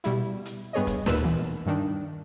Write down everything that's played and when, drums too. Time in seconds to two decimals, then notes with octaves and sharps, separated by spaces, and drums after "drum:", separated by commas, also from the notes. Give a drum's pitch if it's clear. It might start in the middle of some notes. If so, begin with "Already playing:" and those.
0.04 B2 G3 E4, drum: hi-hat
0.46 drum: hi-hat
0.73 G2 B3 G#4 C#5 D#5
0.87 drum: kick, hi-hat
1.06 D#2 A#2 B4 E6, drum: snare
1.22 B2 E3
1.66 G2 D#3 D4